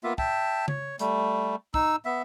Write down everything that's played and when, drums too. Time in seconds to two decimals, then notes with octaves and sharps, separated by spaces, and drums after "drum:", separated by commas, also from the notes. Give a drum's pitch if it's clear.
0.04 A#3 B3 F4 E5
0.18 E5 G5 A5, drum: kick
0.68 C#5, drum: tom
0.99 G3 A3, drum: hi-hat
1.74 D#4 E6, drum: kick
2.05 B3 E5